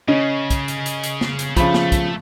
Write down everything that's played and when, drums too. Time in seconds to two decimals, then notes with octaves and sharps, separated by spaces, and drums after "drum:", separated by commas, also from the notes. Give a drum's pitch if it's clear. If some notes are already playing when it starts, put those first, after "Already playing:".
0.08 C#3 C#4 D#5
0.50 drum: kick, hi-hat
0.68 drum: hi-hat
0.86 drum: hi-hat
1.03 drum: hi-hat
1.21 drum: snare
1.39 drum: hi-hat
1.56 C#3 F3 A3 B5, drum: kick, hi-hat
1.74 drum: snare
1.92 drum: kick, hi-hat